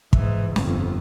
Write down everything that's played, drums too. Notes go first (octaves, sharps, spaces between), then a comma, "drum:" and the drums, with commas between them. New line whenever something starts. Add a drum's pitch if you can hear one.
G#2 E3, drum: kick
G1 F2, drum: snare